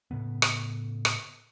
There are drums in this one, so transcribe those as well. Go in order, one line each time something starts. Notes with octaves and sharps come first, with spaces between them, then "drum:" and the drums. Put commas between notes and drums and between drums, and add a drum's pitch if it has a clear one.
A2 C#3 B3
drum: rim click
drum: rim click